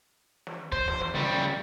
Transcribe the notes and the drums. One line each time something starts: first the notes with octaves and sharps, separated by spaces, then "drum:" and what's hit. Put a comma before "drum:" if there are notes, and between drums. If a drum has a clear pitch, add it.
drum: snare
C5, drum: kick
drum: snare
drum: snare
C#3 G3